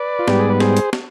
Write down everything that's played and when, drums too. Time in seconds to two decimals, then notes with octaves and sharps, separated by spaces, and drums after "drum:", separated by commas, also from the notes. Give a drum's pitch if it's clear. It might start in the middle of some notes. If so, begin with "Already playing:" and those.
Already playing: B4 D5
0.19 F4
0.28 G#2 G3 B3 G4, drum: snare
0.39 G#4
0.50 B4
0.60 G#4 C5, drum: snare
0.77 drum: hi-hat
0.93 drum: snare